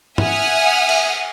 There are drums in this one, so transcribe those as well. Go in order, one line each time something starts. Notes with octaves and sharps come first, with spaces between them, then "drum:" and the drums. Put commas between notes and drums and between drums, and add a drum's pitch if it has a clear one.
E5 F#5 G#5 D#6 F6, drum: tom
drum: cymbal